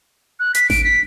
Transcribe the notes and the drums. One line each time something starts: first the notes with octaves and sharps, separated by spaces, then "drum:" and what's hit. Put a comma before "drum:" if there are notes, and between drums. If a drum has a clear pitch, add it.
F#6
B6, drum: hi-hat
D7, drum: snare G#1
B6